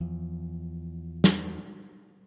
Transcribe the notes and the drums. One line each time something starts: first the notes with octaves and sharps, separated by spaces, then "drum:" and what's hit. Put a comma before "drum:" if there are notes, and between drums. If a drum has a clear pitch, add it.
E2 F3
drum: snare